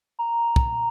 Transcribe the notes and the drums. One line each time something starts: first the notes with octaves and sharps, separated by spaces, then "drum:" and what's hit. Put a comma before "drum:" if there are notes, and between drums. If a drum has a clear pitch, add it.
A#5
drum: kick